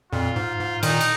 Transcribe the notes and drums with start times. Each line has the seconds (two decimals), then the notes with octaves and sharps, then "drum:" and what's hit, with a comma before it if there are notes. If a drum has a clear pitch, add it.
0.12 F2 A#2 F4
0.36 G#2
0.60 G#2
0.83 A#2 D#3 D#4, drum: cymbal
1.01 drum: cymbal